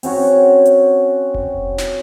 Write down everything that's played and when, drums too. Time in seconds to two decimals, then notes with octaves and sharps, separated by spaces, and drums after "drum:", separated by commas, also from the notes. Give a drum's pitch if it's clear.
0.03 C4 C#4 F#4 C#5, drum: open hi-hat
0.65 drum: hi-hat
1.34 drum: kick F1
1.78 drum: snare